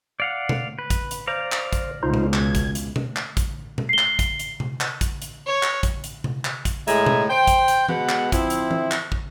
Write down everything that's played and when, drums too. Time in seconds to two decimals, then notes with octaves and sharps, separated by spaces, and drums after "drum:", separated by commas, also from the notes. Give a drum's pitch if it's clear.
0.20 D5 F5 F#5
0.49 drum: tom B2
0.79 B4
0.90 drum: kick, hi-hat
1.11 drum: hi-hat
1.27 C5 D5 F5 A#5
1.52 drum: clap
1.73 drum: kick, hi-hat
2.03 C#2 B2 D#4 F4 C5
2.14 drum: tom B2
2.33 G#6, drum: clap
2.55 drum: kick, hi-hat
2.75 drum: hi-hat
2.96 drum: tom B2
3.16 drum: clap
3.37 drum: kick, hi-hat
3.78 drum: tom B2
3.89 C7 G7
3.98 drum: clap
4.19 drum: kick, hi-hat
4.39 drum: hi-hat
4.60 drum: tom C3
4.81 drum: clap
5.01 drum: kick, hi-hat
5.22 drum: hi-hat
5.46 C#5
5.63 drum: clap
5.83 drum: kick, hi-hat
6.04 drum: hi-hat
6.24 drum: tom C3
6.45 drum: clap
6.65 drum: kick, hi-hat
6.88 A2 G#3 E5 G#5 A#5, drum: hi-hat
7.06 drum: tom B2
7.30 C5 G5
7.47 drum: kick, hi-hat
7.68 drum: hi-hat
7.89 B2 G#3 B3 F#5, drum: tom E3
8.09 drum: clap
8.32 F3 C4 E4, drum: kick, hi-hat
8.50 drum: hi-hat
8.71 drum: tom E3
8.91 drum: clap
9.12 drum: kick